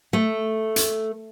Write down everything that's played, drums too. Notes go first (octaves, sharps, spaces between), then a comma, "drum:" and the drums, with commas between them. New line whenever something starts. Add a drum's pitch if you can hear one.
A3
drum: hi-hat